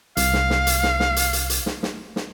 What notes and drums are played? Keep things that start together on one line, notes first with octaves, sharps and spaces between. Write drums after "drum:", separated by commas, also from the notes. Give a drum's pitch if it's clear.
C2 F5, drum: hi-hat
drum: snare
drum: snare
drum: hi-hat
drum: snare
drum: snare
drum: hi-hat
drum: hi-hat
drum: hi-hat
drum: snare
drum: snare
drum: snare